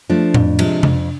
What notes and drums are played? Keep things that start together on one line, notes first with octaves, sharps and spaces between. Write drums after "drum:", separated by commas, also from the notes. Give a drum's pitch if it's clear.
F3 A3 D4
F2, drum: tom A2
C3 F3 G#3, drum: cymbal
F2, drum: tom C3